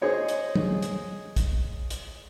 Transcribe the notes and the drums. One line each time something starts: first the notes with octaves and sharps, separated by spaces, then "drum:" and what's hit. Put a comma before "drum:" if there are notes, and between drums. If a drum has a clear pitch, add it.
G#4 C5 C#5 D#5
drum: hi-hat
drum: tom
drum: hi-hat
drum: kick, hi-hat
drum: hi-hat